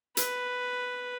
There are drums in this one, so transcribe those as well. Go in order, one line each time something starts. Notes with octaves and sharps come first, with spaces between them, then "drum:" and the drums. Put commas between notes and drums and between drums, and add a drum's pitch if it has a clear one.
B4, drum: hi-hat